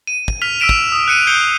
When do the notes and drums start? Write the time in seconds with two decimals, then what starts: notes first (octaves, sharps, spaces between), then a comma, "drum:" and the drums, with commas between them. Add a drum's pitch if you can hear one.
0.07 D#7
0.28 drum: kick
0.42 F6 B6 F7
0.60 E6 F6 B6 D7 E7 F7
0.69 drum: kick
0.92 D#6 F7
1.08 F#6 C#7 D#7 F7
1.27 G6 C7 C#7 G7